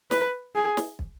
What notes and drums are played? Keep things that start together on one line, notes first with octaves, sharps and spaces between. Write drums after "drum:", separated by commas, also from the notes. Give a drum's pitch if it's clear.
B4, drum: snare
G#4
drum: snare
drum: kick